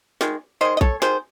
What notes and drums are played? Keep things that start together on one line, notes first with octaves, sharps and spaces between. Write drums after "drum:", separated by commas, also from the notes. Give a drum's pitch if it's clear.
D#3 G#3, drum: snare
D#3 G#3 C5 D#5
D#5
A4 C#5, drum: kick A#1
D#3 G#3 G#4 C5, drum: snare